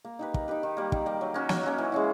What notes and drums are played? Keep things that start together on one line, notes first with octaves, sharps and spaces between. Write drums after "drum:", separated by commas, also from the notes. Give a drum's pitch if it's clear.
A#3
D#4 G4 B4
A#3, drum: kick
D#4 G4 B4
D#3
G3 A#3
D#3, drum: kick
G3 A#3
F#3
A#3 C#4 F#4
F#3, drum: snare
A#3 C#4 F#4
E3
G#3 C#4 E4